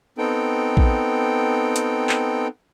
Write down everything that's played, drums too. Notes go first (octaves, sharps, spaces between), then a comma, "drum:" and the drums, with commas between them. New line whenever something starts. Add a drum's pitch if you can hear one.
B3 C4 D#4 A4 G5
drum: kick
drum: hi-hat
drum: clap